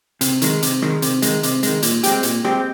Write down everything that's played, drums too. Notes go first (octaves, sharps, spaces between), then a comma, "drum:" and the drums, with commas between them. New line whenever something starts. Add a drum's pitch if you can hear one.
C3, drum: hi-hat
D#3 G#3, drum: hi-hat
C3, drum: hi-hat
D#3 G#3, drum: rim click
C3, drum: hi-hat
D#3 G#3, drum: hi-hat
C3, drum: hi-hat
D#3 G#3, drum: hi-hat
A#2, drum: hi-hat
G#3 C4 G4, drum: hi-hat
A#2, drum: hi-hat
G#3 C4 G4, drum: rim click